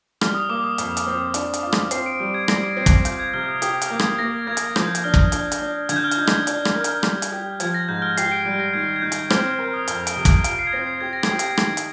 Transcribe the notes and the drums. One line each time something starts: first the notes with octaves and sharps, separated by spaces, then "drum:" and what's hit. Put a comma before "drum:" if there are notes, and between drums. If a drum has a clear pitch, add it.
G3 F6, drum: rim click
D#6
A#3 D6
D#6
F2, drum: hi-hat
drum: hi-hat
C4
D4, drum: hi-hat
drum: hi-hat
F4
drum: rim click
C4 C7, drum: hi-hat
D7
G3 D7
G#6
G3 A#6, drum: rim click
D7
C4 C7
drum: kick, hi-hat
F4 G6, drum: hi-hat
G#6
C3 F6
D#6
G4 D#6, drum: hi-hat
F6, drum: hi-hat
A#3
G#6, drum: rim click
A#3 A#6
A#3 G#6
drum: hi-hat
F3 G6, drum: rim click
drum: hi-hat
D4 F6
drum: kick
D4, drum: hi-hat
drum: hi-hat
D4
D3 G#6, drum: hi-hat
G6
F6
G6, drum: hi-hat
D#4
drum: rim click
D4, drum: hi-hat
drum: rim click
A#4
drum: hi-hat
G3, drum: rim click
drum: hi-hat
G4
F3 G#6, drum: hi-hat
A#6
G#2 G6
F6
G4 C7, drum: hi-hat
D7
G3 D7
A#6
D#3 G#6
G#6
D#3 G6
drum: hi-hat
C4 F6, drum: rim click
F6
A#4
D#6
F2 F6, drum: hi-hat
D7, drum: hi-hat
C3
D7, drum: kick, hi-hat
F4 D7, drum: hi-hat
C7
G#6
C4 A#6
C7
G4 G#6
A#6
G#6, drum: rim click
G4
drum: hi-hat
D#3, drum: rim click
drum: hi-hat